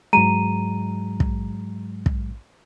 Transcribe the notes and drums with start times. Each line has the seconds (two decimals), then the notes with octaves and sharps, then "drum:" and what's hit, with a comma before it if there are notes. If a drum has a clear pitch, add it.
0.13 G#2 F#3 G#3 A#5 D#7
1.20 drum: kick
2.06 drum: kick